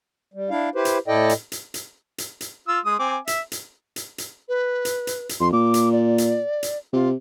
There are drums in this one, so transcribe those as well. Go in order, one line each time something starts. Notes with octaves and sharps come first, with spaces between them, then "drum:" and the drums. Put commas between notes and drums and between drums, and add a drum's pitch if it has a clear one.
G3
D4 E4 F5
E4 G4 B4 C5
drum: hi-hat
A2 E4 A4 D5 D#5 G5
drum: hi-hat
drum: hi-hat
drum: hi-hat
drum: hi-hat
drum: hi-hat
F4 E6
G#3 D#6
C4 G#5 D6
E5, drum: hi-hat
drum: hi-hat
drum: hi-hat
drum: hi-hat
B4
drum: hi-hat
drum: hi-hat
drum: hi-hat
F2 C6
A#2 D6
drum: hi-hat
D5
drum: hi-hat
drum: hi-hat
C3 F4